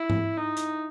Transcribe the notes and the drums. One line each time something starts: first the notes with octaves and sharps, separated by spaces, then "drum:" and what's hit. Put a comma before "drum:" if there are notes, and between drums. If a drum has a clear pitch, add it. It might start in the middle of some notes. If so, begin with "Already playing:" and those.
Already playing: E4
drum: tom G#2
D#4
drum: hi-hat